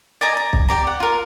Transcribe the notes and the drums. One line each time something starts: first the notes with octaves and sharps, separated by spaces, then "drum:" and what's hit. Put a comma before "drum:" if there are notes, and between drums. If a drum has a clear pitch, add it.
D5 D#5 G#5 A#5
A#5
drum: kick B1
G4 D5 A#5
F#5
F4 A#4